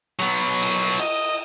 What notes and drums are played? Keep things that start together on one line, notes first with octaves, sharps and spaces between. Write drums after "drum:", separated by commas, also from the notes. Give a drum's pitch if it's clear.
F#3 B3
drum: cymbal
D#5, drum: cymbal